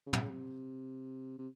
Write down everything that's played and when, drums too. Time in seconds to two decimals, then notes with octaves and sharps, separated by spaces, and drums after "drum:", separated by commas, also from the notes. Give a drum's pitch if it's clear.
0.06 C#3
0.13 C3, drum: tom
0.21 C#3
0.30 C3
1.38 C3